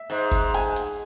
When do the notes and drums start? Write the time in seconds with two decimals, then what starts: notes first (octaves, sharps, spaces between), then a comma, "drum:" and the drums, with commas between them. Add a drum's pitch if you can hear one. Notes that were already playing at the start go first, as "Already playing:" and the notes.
Already playing: E5
0.10 G#2
0.32 drum: kick F#1
0.54 G#5, drum: hi-hat
0.76 drum: hi-hat